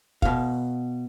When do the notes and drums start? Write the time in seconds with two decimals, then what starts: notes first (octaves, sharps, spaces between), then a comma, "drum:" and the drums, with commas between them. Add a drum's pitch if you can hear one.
0.22 B2 F5, drum: kick